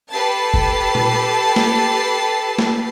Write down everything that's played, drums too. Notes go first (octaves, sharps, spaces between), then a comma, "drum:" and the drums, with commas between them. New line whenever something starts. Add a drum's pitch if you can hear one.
G4 A4 B4 A5 A6 C7
drum: kick F#1
drum: tom A#2
drum: snare A#3
drum: snare A#3